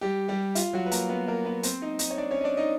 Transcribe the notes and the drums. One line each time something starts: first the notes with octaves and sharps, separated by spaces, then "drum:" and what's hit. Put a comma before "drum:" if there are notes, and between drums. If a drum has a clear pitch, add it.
G3 G4
G3 G4
F4, drum: hi-hat
F#3 F#4
B4
A#3 A#4, drum: hi-hat
B3 B4
A#3 A#4
B3 B4
C4 C5, drum: hi-hat
D#4 D#5
D#4 D#5, drum: hi-hat
C#5
D4 D5
C#4 C#5
D#5
D4 D5
D#4 D#5